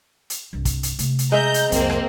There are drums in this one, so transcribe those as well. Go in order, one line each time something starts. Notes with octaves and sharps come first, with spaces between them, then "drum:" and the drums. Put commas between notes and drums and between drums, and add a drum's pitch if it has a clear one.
drum: hi-hat
C2 G2
drum: kick, hi-hat
drum: hi-hat
C3 A3, drum: hi-hat
drum: hi-hat
G#3 E5 A#5 G6
drum: hi-hat
C2 F2 A#3 C4, drum: hi-hat
drum: rim click